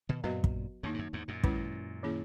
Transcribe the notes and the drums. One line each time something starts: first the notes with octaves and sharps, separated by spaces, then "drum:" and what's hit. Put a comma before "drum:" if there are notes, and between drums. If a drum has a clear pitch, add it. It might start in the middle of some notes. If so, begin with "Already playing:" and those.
B2 D#3
F#2 A#2 F#3 B3 F#4 B4 D#5
drum: kick
E2 G#2 D#3 A#3 D#4
G#2
F#2
E2 G#2
F#2 A#2
D#3 G#3 C#4 E4 B4, drum: kick
D#3 A#3 C#4 E4 G#4